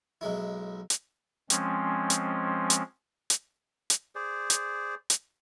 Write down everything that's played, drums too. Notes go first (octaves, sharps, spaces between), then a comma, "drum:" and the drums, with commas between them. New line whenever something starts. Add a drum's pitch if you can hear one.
B1 G#3 E4
drum: hi-hat
F3 G#3 C4 C#4, drum: hi-hat
drum: hi-hat
drum: hi-hat
drum: hi-hat
drum: hi-hat
G#4 C5 D5
drum: hi-hat
drum: hi-hat